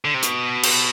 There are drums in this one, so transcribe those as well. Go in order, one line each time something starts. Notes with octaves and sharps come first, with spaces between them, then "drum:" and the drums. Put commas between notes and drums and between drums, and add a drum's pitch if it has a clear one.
D3
C3
B2, drum: hi-hat
drum: cymbal